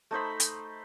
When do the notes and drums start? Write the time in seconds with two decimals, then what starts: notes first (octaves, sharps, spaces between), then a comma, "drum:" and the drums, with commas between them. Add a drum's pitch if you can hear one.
0.11 A3 D#4 C5 B5
0.40 drum: hi-hat